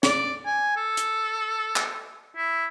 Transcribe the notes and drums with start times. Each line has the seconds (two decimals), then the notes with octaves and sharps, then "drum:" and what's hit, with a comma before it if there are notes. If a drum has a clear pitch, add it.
0.03 D5, drum: snare
0.45 G#5
0.76 A4
0.97 drum: hi-hat
1.76 drum: clap
2.36 E4